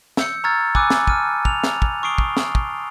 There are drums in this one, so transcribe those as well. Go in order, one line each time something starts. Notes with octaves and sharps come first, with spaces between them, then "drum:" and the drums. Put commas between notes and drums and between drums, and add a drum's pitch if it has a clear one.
E6 G6 C#7, drum: snare
A#5 C#6 E6 F6 G#6 A6
G#5 B5 D6 E6 F#6 D#7, drum: kick
drum: snare
A5 F6 D#7, drum: kick
F7, drum: kick
drum: snare
drum: kick
C#6 D#6 C7 D7 G7
drum: kick
drum: snare
drum: kick